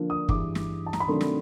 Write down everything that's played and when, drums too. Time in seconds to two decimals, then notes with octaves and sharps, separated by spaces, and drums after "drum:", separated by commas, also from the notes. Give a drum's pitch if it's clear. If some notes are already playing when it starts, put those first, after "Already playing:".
Already playing: D3 F3 A#3 D4 F4
0.10 D#6
0.29 G2 E3 G#3 D6, drum: kick
0.55 drum: snare
0.86 A5
0.93 A#5, drum: snare
1.00 B5
1.08 C3 D#3 F#3 A3 D4 C6
1.21 drum: snare